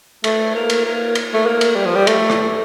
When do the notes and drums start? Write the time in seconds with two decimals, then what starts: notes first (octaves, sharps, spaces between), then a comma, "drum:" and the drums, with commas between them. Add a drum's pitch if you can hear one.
0.24 A3, drum: cymbal
0.55 A#3
0.70 drum: cymbal
0.85 A#3
1.15 drum: cymbal
1.34 A3
1.46 A#3
1.61 drum: cymbal
1.76 G3
1.86 F3
1.95 G3
2.07 A3, drum: cymbal
2.30 drum: rim click